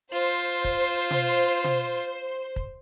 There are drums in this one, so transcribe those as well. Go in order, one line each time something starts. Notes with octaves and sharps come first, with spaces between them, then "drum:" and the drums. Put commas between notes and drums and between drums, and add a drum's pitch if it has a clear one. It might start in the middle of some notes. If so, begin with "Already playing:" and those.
F4 C5
drum: kick
drum: tom B2
drum: tom B2
drum: kick